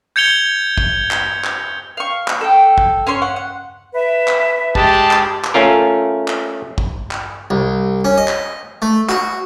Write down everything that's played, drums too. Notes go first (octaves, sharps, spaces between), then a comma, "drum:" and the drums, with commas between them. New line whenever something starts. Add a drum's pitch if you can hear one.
G6 G#6 C#7 F7 G7
drum: kick
drum: clap
drum: clap
F5 C#6
drum: clap
A4 G5
drum: kick
C#4 C#5 C6 C#6
F#5
F#5
B4 E5
drum: clap
G#3 G4 A5, drum: kick
drum: clap
drum: clap
A3 C#4 F4 A#4
drum: clap
drum: kick
drum: clap
C2
C#4
D#5
drum: clap
A3
F#4, drum: clap